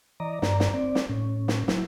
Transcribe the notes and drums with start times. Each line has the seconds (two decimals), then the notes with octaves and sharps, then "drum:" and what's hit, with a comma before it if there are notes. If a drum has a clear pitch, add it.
0.20 E3 D5 D#5 A#5
0.42 G2 D5 A#5, drum: snare
0.60 drum: snare
0.74 C4 D5
0.95 drum: snare
1.09 A2 C#4
1.48 drum: snare
1.68 F#3 E4, drum: snare